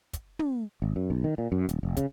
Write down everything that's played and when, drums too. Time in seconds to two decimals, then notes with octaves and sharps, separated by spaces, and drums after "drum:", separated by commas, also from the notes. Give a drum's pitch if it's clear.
0.13 drum: kick, hi-hat
0.39 drum: tom
0.82 G#1
0.96 F#2
1.10 B1
1.24 D#3
1.38 A#2
1.52 F#2
1.69 D#1, drum: hi-hat
1.83 F1
1.97 C#3, drum: kick, hi-hat